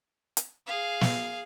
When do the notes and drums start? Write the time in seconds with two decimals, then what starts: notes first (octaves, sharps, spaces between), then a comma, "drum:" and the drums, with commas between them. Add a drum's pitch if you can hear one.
0.37 drum: hi-hat
0.67 G#4 F5
1.01 drum: snare